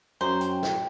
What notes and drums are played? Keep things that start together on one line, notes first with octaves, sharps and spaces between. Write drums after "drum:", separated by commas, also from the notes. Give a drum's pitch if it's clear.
F#2 C5 A#5
G5, drum: hi-hat
drum: snare